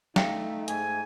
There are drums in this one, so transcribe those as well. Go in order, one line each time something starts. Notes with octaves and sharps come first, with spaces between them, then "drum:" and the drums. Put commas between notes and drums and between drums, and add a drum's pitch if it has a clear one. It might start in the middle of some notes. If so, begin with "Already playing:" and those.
A3 D#4 E5 F5 G5, drum: snare
G#2 G#5, drum: hi-hat